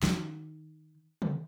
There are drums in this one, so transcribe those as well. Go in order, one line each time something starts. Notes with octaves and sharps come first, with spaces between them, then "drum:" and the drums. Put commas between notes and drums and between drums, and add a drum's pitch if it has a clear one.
D#3, drum: snare
drum: tom